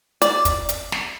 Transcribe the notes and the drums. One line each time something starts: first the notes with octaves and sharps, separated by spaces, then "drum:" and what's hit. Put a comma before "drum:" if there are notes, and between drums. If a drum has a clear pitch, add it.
D5, drum: hi-hat
drum: kick, hi-hat
drum: hi-hat
drum: snare